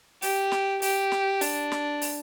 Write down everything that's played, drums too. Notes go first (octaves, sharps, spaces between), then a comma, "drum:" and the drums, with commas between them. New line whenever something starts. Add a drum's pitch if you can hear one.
G4, drum: open hi-hat
drum: snare
G4, drum: open hi-hat
drum: snare
D4, drum: open hi-hat
drum: snare
drum: open hi-hat